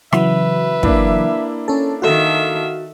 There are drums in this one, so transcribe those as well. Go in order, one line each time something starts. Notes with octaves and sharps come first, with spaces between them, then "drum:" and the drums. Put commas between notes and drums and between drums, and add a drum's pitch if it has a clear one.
C#3 E3 F#3 B4 E5, drum: rim click
A#3 D4 E4, drum: kick
C#4 A4
D#3 F#4 A4 E5 F5